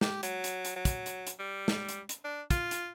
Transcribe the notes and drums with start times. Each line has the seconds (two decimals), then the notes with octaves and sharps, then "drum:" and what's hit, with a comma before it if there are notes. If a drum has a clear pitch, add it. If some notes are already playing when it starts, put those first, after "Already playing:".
0.01 G4, drum: snare
0.23 F#3, drum: hi-hat
0.44 drum: hi-hat
0.65 drum: hi-hat
0.76 F#3
0.85 drum: kick, hi-hat
1.06 drum: hi-hat
1.27 drum: hi-hat
1.39 G3
1.68 drum: snare
1.89 drum: hi-hat
2.09 drum: hi-hat
2.25 D4
2.51 F4, drum: kick, hi-hat
2.71 drum: hi-hat